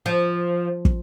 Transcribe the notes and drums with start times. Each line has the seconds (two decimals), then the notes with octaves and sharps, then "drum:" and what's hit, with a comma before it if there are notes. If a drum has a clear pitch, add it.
0.06 F3
0.85 drum: kick